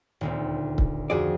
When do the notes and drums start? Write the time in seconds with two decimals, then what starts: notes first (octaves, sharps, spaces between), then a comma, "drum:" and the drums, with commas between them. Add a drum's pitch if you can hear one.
0.21 D#1 D2 C4
0.78 drum: kick C#1
1.10 F2 F3 F#4 G#4 D5